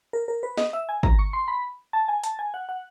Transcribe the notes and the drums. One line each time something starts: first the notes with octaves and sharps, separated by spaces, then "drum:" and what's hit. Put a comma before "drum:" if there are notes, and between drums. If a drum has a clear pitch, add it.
A#4
A#4
B4
D#5, drum: snare
E5
G#5
A#5, drum: kick
C#6
C6
B5
A5
G#5
A5, drum: hi-hat
G#5
F#5
F#5